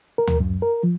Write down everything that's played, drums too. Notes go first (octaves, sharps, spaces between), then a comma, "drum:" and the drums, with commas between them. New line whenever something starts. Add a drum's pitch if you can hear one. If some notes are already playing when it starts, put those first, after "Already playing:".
A#4
drum: tom D2
F#2
A#4
F3